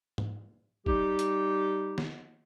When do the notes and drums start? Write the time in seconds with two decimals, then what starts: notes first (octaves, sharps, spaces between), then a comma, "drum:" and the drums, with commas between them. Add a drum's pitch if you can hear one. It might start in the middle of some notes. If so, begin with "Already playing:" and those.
0.18 drum: tom G#2
0.86 G3 D#4 G4, drum: kick
1.19 drum: hi-hat
1.98 drum: snare